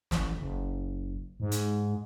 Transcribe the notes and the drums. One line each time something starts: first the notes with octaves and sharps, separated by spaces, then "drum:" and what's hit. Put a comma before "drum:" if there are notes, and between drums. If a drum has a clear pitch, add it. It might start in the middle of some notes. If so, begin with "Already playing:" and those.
A1, drum: snare
F#1
G#2
drum: hi-hat